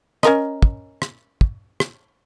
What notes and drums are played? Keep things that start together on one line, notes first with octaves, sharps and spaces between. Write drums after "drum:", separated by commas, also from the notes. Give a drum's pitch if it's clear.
C#4 A#4 D#5, drum: rim click
drum: kick
drum: rim click
drum: kick
drum: rim click